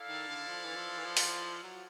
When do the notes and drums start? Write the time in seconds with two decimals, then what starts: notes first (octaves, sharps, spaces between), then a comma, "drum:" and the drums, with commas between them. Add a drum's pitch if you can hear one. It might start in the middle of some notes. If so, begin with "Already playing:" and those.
Already playing: E4 A4 D5 F5
0.09 D#3
0.28 D3
0.47 F3
0.65 E3
0.76 F3
0.98 E3
1.06 F3
1.17 drum: open hi-hat
1.63 F#3